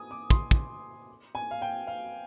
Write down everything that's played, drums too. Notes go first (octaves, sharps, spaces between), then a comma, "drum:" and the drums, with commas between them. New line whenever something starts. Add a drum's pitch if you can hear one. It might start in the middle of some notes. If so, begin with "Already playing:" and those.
Already playing: G#5 D#6
D6
C6, drum: kick
drum: kick
G#5
F5
G5
F5